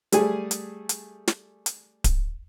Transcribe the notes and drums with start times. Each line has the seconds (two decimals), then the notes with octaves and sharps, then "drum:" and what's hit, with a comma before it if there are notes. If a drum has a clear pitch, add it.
0.12 G3 A3 G#4 G#5, drum: hi-hat
0.51 drum: hi-hat
0.89 drum: hi-hat
1.28 drum: snare
1.66 drum: hi-hat
2.04 drum: kick D1, hi-hat